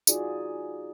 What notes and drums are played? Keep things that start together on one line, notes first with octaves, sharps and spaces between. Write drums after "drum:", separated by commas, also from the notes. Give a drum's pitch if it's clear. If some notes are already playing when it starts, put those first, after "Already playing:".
D#4 F4 F#4 G#4 D5, drum: tambourine